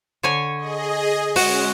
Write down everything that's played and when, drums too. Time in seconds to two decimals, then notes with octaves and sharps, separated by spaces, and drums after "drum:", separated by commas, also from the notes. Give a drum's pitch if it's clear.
0.23 D3 C#5 G#5
0.58 G#4 D#5
1.36 G#3 C#4 F#4, drum: open hi-hat